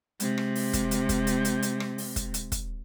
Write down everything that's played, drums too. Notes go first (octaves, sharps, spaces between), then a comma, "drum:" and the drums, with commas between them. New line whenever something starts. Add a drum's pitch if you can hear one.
C3 G#3, drum: hi-hat
drum: rim click
drum: open hi-hat
drum: kick, hi-hat
drum: hi-hat
drum: kick, hi-hat
drum: hi-hat
drum: hi-hat
drum: hi-hat
drum: rim click
drum: open hi-hat
drum: kick, hi-hat
drum: hi-hat
drum: kick, hi-hat